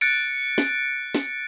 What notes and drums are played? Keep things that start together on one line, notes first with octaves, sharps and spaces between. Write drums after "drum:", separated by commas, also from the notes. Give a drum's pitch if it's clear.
F#6 A6 C#7 D7, drum: tambourine
drum: snare
drum: snare